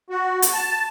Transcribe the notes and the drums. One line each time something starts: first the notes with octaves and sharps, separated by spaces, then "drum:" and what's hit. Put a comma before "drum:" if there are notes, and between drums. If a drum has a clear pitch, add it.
F#4
drum: hi-hat
A5